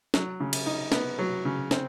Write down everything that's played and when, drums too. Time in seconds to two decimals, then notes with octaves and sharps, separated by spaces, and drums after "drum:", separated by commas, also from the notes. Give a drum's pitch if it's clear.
0.14 F#3, drum: snare
0.40 C#3
0.53 drum: cymbal
0.66 D#4
0.92 B3, drum: snare
1.19 F#3
1.45 C#3
1.71 C4, drum: snare